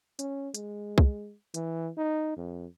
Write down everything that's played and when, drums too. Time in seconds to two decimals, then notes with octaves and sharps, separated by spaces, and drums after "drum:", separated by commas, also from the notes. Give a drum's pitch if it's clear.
0.19 C#4, drum: hi-hat
0.54 G#3, drum: hi-hat
0.98 drum: kick C2
1.54 E3, drum: hi-hat
1.98 D#4
2.37 F2